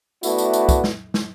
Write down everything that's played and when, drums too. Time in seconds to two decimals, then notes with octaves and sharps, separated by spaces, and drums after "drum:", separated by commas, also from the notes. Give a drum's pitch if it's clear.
0.23 A3 B3 D4 E4 F#4, drum: tambourine
0.38 drum: tambourine
0.53 drum: tambourine
0.69 drum: kick, tambourine
0.84 drum: snare
1.14 drum: snare